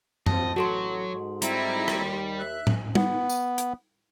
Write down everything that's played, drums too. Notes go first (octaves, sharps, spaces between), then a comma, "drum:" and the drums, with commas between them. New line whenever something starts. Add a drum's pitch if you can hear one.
F3 C4 D#5 A5, drum: tom F#2
A1 F#3 F#4 A4 C6
G#2
G3 C4 E4 A#5, drum: hi-hat
D#2, drum: rim click
E5 F#6
drum: tom A2
B3, drum: tom G3
drum: tambourine
drum: hi-hat